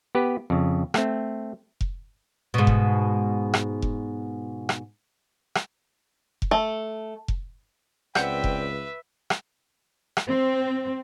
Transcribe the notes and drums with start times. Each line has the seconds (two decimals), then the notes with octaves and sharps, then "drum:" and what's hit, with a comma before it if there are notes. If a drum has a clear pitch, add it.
0.15 B3 G4 B4
0.50 F2 C#3
0.94 A3 C4, drum: rim click
1.81 drum: kick F1
2.54 G#2 B2
2.67 drum: kick F1
3.54 drum: rim click
3.82 drum: kick F1
4.69 drum: rim click
5.55 drum: rim click
6.42 drum: kick F1
6.51 A3
7.28 drum: kick F1
8.15 C#2 C4 B4 D5 E5 F#5 G5 G6, drum: rim click
8.44 drum: kick F1
9.30 drum: rim click
10.17 drum: rim click
10.26 C4